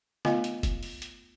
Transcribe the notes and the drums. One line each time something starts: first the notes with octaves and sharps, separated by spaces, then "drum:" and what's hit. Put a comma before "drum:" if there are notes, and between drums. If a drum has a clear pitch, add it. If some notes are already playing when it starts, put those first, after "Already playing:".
A3 B3 F4 D#5 F5 G#5, drum: snare
drum: hi-hat
drum: kick F1, hi-hat
drum: open hi-hat
drum: hi-hat